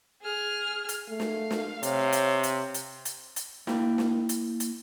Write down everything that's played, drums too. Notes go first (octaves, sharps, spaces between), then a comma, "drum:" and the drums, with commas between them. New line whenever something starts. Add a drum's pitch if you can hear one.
G#4 F6
drum: hi-hat
A3 F5
drum: snare
drum: snare
C3 C#5, drum: hi-hat
drum: hi-hat
drum: hi-hat
drum: hi-hat
drum: hi-hat
drum: hi-hat
A#3 E4 G5, drum: snare
drum: snare
drum: hi-hat
drum: hi-hat